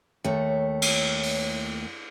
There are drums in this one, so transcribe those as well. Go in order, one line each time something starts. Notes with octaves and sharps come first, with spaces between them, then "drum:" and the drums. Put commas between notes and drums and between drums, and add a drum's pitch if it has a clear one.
D#2 A3 C#5
drum: cymbal
drum: open hi-hat